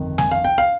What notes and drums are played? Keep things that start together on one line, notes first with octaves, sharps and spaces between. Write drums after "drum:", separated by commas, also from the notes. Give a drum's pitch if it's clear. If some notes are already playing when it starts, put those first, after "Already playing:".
Already playing: G1 F2 D#3
G#5, drum: snare
F5
G5
F5